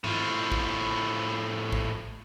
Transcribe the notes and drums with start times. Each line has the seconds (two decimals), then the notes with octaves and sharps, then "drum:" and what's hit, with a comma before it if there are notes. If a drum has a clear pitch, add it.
0.04 A2 F3, drum: tom G2
0.52 drum: kick
1.72 drum: kick